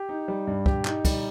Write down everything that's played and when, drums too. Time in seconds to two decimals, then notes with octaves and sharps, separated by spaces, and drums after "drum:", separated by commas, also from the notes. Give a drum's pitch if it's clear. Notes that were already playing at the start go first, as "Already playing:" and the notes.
Already playing: G4
0.09 D#4
0.28 G3
0.47 G2
0.66 G4, drum: kick
0.85 D#4, drum: clap
1.05 G3, drum: kick, cymbal